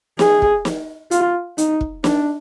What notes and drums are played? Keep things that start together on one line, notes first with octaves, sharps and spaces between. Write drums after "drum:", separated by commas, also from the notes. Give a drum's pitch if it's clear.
G#4, drum: snare
drum: kick
drum: snare
F4, drum: hi-hat
D#4, drum: hi-hat
drum: kick
D4, drum: snare